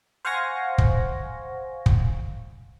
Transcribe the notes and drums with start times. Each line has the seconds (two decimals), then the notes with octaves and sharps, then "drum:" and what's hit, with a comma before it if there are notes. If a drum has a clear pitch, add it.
0.25 C5 F5 F#5 G#5 C#6 A#6
0.78 drum: kick
1.86 drum: kick